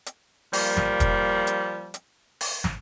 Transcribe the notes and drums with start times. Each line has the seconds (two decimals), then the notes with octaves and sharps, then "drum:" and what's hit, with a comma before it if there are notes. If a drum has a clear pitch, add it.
0.06 drum: hi-hat
0.53 F3 G3 A#3, drum: open hi-hat
0.77 drum: snare
1.00 drum: kick, hi-hat
1.47 drum: hi-hat
1.94 drum: hi-hat
2.41 drum: open hi-hat
2.64 drum: snare